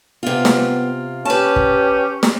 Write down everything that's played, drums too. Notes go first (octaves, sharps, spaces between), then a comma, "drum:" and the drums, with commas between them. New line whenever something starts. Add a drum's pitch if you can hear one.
C3 B3 F4
drum: snare
C#4 G4 B4 C#5 A5
drum: kick
drum: snare